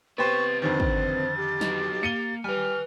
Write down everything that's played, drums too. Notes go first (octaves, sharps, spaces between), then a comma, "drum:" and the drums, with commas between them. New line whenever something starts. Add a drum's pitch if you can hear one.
C3 B3 G4 B4 C5 C#6 A6
F2 D3 D#3 C5 A6
drum: kick
G4
F#3 D#4, drum: snare
A#3 C#7 D#7 G7
G3 B4 G#5 F6